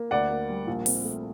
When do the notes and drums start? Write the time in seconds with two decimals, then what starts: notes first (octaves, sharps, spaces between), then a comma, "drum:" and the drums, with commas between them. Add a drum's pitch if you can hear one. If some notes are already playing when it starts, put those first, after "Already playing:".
Already playing: A#3
0.11 D2 D5 F#5
0.31 A#3
0.49 G3
0.67 A#1
0.86 C4, drum: open hi-hat
1.05 A3